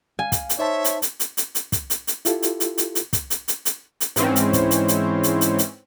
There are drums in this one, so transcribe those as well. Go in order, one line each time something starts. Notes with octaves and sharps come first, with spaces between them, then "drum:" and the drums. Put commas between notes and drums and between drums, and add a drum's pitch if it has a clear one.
F5 G#5
drum: kick, hi-hat
drum: hi-hat
D#4 C5 C#5 E5 A5
drum: hi-hat
drum: hi-hat
drum: hi-hat
drum: hi-hat
drum: hi-hat
drum: kick, hi-hat
drum: hi-hat
drum: hi-hat
E4 F4 G4 A4, drum: hi-hat
drum: hi-hat
drum: hi-hat
drum: hi-hat
drum: hi-hat
drum: kick, hi-hat
drum: hi-hat
drum: hi-hat
drum: hi-hat
drum: hi-hat
G#2 E3 C4 C#4, drum: hi-hat
drum: hi-hat
drum: kick, hi-hat
drum: hi-hat
drum: hi-hat
drum: hi-hat
drum: hi-hat
drum: hi-hat